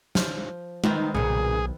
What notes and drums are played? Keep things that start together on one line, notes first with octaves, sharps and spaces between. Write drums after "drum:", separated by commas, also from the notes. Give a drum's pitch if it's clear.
F3, drum: snare
D#3 B3 C4 D#4, drum: tom G#3
B1 A#2 C#3 G#4